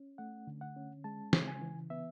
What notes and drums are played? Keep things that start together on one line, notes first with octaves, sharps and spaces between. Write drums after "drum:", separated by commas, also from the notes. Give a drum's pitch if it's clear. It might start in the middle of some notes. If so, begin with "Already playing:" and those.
Already playing: C#4
A3 F#5
D3
F#5
C#4
G#3 A5
C#3, drum: snare
G#5
E3
B3 E5